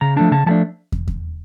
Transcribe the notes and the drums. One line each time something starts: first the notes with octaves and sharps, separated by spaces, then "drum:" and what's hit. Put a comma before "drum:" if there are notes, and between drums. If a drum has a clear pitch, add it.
C#3 A#5
F3 A3 D4 A5
C#3 A5
F3 A3 D4 A5
drum: kick
drum: kick